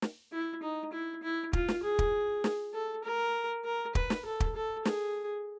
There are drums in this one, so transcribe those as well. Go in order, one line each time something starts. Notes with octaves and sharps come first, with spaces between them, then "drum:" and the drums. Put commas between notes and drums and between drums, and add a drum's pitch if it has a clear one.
drum: snare
E4
D#4
E4
E4
F4, drum: kick
drum: snare
G#4
drum: kick
drum: snare
A4
A#4
A#4
B4, drum: kick
drum: snare
A4
drum: kick
A4
G#4, drum: snare